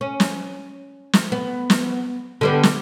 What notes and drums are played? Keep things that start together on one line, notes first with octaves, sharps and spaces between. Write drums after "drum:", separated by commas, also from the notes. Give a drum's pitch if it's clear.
C#4
drum: snare
drum: snare
B3
drum: snare
D3 G3 B3
drum: snare